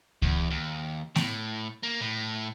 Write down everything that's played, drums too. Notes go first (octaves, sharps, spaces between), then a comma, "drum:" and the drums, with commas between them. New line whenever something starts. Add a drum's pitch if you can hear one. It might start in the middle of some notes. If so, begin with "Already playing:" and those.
E2, drum: kick C#2
D#2
A2, drum: snare A3
A#3
A2